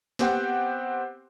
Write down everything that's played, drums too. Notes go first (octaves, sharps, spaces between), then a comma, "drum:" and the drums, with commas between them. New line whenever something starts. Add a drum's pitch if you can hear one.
B3 C4 G4 C5 F#5 G5, drum: snare